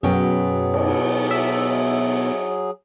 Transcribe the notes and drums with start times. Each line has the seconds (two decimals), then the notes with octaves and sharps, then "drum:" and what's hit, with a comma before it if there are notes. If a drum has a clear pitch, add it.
0.03 F#2 B2 F#3 B3 C#4 G#4 G5
0.74 drum: cymbal
1.31 E5